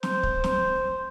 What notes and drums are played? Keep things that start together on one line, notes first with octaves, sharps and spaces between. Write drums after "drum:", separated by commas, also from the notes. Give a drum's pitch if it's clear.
C5, drum: snare
drum: kick
drum: snare